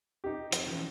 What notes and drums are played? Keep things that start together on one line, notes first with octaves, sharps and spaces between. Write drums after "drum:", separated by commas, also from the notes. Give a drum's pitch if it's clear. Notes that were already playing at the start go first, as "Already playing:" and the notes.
D#4 G4
F3 C4, drum: hi-hat
E3 F3 C#4